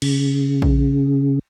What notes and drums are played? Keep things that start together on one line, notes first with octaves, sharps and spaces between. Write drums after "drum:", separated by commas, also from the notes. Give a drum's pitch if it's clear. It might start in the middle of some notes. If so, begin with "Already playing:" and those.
C#3, drum: cymbal
drum: kick A#1